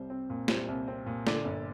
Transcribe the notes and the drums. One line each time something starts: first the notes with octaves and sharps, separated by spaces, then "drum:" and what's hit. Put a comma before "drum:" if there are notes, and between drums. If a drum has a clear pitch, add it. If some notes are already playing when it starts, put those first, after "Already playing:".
Already playing: C2 G3 C5
C4
A#2
G3 C5, drum: snare
C2
C4
A#2
D3 D5, drum: snare
G1